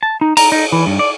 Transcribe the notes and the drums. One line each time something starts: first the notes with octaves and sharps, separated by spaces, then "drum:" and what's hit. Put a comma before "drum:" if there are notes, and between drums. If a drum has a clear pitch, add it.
A5
D#4
A#5, drum: cymbal
D#4
E3
G2
D5